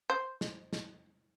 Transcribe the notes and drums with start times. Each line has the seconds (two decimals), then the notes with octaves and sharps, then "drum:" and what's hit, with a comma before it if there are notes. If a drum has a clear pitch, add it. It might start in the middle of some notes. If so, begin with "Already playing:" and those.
0.10 C5
0.41 drum: snare
0.73 drum: snare